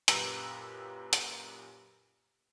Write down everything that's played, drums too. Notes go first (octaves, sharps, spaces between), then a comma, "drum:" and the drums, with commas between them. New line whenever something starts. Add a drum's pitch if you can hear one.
F#2 A#2 G4 B4 A#5 E6, drum: hi-hat
drum: hi-hat